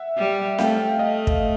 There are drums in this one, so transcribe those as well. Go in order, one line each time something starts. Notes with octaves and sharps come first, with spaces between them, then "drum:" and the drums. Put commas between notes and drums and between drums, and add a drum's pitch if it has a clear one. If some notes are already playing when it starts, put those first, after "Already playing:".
Already playing: E5 F#5
G3
A3 F5 G5, drum: snare C4
A3 D#5 F5
drum: kick